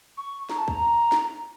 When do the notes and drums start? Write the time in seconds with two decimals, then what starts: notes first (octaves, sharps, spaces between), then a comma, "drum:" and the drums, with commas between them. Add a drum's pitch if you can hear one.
0.17 C#6
0.49 A#5, drum: snare
0.58 A5
0.68 A#5, drum: kick
1.12 drum: snare